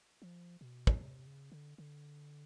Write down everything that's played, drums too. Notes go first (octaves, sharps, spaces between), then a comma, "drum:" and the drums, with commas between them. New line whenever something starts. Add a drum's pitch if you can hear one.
F3
B2
drum: kick
C3
C#3
D3
D3